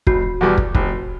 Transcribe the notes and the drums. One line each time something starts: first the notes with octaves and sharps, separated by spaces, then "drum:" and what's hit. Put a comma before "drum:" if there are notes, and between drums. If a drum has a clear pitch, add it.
F1 F#4, drum: kick
E2 B2 G3
drum: kick
F1, drum: kick